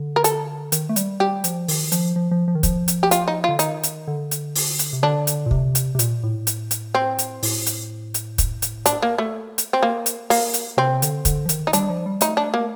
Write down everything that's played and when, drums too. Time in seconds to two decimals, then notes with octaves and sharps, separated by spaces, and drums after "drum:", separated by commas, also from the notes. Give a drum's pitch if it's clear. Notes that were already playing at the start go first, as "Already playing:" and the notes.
Already playing: D3
0.16 A#4
0.24 A4, drum: hi-hat
0.72 D#3, drum: hi-hat
0.89 A3
0.96 G3, drum: hi-hat
1.20 G3 G4
1.44 F3, drum: hi-hat
1.68 D#3, drum: open hi-hat
1.92 F3, drum: hi-hat
2.16 F3
2.31 F3
2.48 F3
2.55 D#3
2.63 F3, drum: kick, hi-hat
2.88 drum: hi-hat
3.03 G4
3.11 F4, drum: hi-hat
3.28 D#4
3.44 D3 F4
3.59 D#3 D#4, drum: hi-hat
3.84 drum: hi-hat
4.08 D3
4.31 drum: hi-hat
4.55 drum: open hi-hat
4.79 drum: hi-hat
4.93 C3
5.03 D3 D4
5.27 drum: hi-hat
5.46 A#2
5.51 C3, drum: kick
5.75 drum: hi-hat
5.95 C3
5.99 A#2, drum: hi-hat
6.23 A2
6.47 drum: hi-hat
6.71 drum: hi-hat
6.95 C4
7.19 drum: hi-hat
7.43 A2, drum: open hi-hat
7.67 drum: hi-hat
8.14 drum: hi-hat
8.38 drum: kick, hi-hat
8.62 drum: hi-hat
8.86 D4, drum: hi-hat
9.02 A#3
9.18 A3
9.58 drum: hi-hat
9.73 C4
9.83 A#3
10.06 drum: hi-hat
10.30 A#3, drum: open hi-hat
10.54 drum: hi-hat
10.77 C3 C4
11.02 D3, drum: hi-hat
11.25 D3, drum: kick, hi-hat
11.46 F3
11.49 D#3, drum: hi-hat
11.67 D#4
11.73 G3 D4, drum: hi-hat
11.90 F3
12.06 G3
12.21 A3 D#4, drum: hi-hat
12.37 D4
12.54 A#3